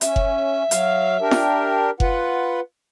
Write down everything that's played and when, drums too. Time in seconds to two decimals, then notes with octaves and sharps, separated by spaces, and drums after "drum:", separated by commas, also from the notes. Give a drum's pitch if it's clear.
0.01 C#4 E5, drum: hi-hat
0.16 drum: kick F#1
0.71 F#3 F5, drum: hi-hat
1.21 D4 G4 A#4
1.31 drum: snare
2.00 F4 B4 F#5, drum: kick F#1